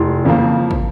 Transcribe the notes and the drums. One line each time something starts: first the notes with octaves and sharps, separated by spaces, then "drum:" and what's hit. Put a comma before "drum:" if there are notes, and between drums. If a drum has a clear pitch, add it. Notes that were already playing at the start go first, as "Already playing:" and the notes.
Already playing: F1 E4
F2 C#3 F3 A#3
drum: kick